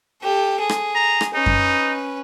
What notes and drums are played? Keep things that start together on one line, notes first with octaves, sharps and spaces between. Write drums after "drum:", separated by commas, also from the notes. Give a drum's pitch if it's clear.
G4 A4
G#4
drum: rim click
A#5
drum: rim click
C#4 D#4 B4
drum: kick F#2